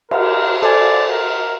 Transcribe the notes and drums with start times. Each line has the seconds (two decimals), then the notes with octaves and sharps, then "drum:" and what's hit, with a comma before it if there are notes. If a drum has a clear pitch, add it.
0.11 A#4, drum: cymbal
0.62 A4 C5 D5 G#5
1.10 A#4